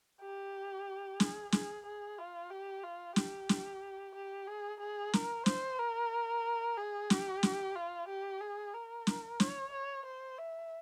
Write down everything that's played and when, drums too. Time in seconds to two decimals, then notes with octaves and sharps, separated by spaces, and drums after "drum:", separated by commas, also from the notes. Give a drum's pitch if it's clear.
0.21 G4
1.20 G#4, drum: snare
1.52 G#4, drum: snare
1.86 G#4
2.19 F4
2.51 G4
2.84 F4
3.16 G4, drum: snare
3.49 drum: snare
4.15 G4
4.47 G#4
4.80 G#4
5.13 A#4, drum: snare
5.46 C5, drum: snare
5.79 A#4
6.77 G#4
7.10 G4, drum: snare
7.43 drum: snare
7.75 F4
8.08 G4
8.41 G#4
8.74 A#4
9.07 drum: snare
9.40 C#5, drum: snare
9.72 C#5
10.05 C5
10.38 E5